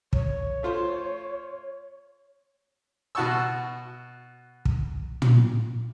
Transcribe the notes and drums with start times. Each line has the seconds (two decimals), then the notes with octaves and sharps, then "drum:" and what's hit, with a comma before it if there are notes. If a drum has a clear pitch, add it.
0.13 C#5, drum: kick
0.63 A3 F4 C5
3.15 B2 F#4 F#5 A5 C#6 E6
4.65 drum: kick
5.22 drum: tom